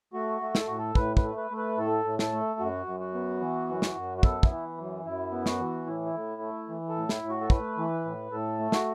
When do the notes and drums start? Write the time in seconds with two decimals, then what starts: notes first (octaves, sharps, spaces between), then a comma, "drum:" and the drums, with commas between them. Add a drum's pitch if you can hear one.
0.13 A3 F#4
0.41 A3
0.55 A4, drum: snare
0.67 A2 F#4
0.79 A4
0.95 A2 B4, drum: kick
1.17 B4, drum: kick
1.23 A3
1.37 B4
1.51 A3
1.57 B4
1.77 A2 A4
2.05 A2
2.19 A4, drum: snare
2.33 A3
2.60 F#2 F#4
2.86 F#2
3.00 F#4
3.14 B3
3.41 E3
3.69 F#2
3.82 drum: snare
3.95 F#2
4.18 F#4
4.23 B3 A4, drum: kick
4.43 E4, drum: kick
4.50 E3
4.78 F#2
5.05 F#2 E4
5.32 B3
5.46 F#4, drum: snare
5.59 E3
5.86 A2 E4
6.06 E4
6.14 A2
6.42 A3
6.69 E3
6.89 A4
6.96 A2
7.09 E4, drum: snare
7.23 A2
7.30 F#4
7.41 A4
7.50 A3 B4, drum: kick
7.77 E3
8.05 A2
8.32 A2 A4
8.59 A3
8.72 F#4, drum: snare